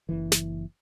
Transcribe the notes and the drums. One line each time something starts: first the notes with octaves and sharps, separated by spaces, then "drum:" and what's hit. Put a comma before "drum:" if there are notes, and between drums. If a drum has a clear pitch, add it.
F#1 E3
drum: snare